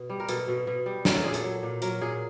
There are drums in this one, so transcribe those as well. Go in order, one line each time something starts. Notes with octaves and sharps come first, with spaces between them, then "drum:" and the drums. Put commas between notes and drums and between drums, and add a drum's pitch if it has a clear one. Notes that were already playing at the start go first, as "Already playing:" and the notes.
Already playing: B2
G3
A#4
B2 A4, drum: hi-hat
B2
B2
G3
F#3 A#4, drum: snare
A4
A#2 G#4
A4, drum: hi-hat
F#3
A#2
F#3 A#4, drum: hi-hat
A#2 G#4